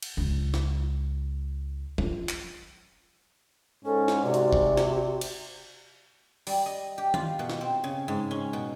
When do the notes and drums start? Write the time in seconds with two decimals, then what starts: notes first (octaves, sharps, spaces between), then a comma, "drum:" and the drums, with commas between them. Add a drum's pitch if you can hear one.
0.03 drum: cymbal
0.17 C#2
0.54 drum: snare
1.98 F4, drum: tom F3
2.29 drum: clap
3.85 G#2 C#4 A4
4.08 drum: snare
4.24 C3 F#4 D5
4.34 drum: hi-hat
4.53 drum: kick F#1
4.77 drum: snare
5.21 drum: cymbal
6.47 G3, drum: open hi-hat
6.66 D#5
6.98 G4
7.14 F4, drum: tom D#3
7.39 B2
7.50 drum: snare
7.61 C4
7.84 C#3
8.08 G#2
8.31 C#4
8.53 B2